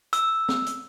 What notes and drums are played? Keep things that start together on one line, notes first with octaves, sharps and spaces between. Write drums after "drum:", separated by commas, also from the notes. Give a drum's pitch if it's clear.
E6, drum: hi-hat
drum: snare C4
drum: hi-hat